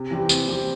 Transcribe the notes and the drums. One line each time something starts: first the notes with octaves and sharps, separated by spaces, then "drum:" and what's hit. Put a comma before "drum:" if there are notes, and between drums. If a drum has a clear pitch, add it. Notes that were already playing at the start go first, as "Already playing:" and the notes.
Already playing: C3
E3 G3 C4 G4
C3, drum: tambourine
E3 G3 C4 G4